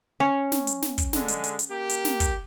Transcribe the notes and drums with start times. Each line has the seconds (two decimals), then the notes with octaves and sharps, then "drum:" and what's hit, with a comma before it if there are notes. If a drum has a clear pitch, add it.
0.20 C#4 C#5
0.52 drum: snare
0.67 drum: hi-hat
0.82 drum: snare
0.98 drum: kick, hi-hat
1.13 D3 G#3, drum: snare
1.28 drum: hi-hat
1.44 drum: hi-hat
1.59 drum: hi-hat
1.70 A#3 G4
1.89 drum: hi-hat
2.05 drum: snare
2.20 drum: kick, hi-hat